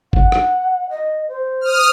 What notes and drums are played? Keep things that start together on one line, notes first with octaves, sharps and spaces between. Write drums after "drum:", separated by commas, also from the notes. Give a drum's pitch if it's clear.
F#5, drum: kick
drum: rim click
D#5
C5
D#6 F6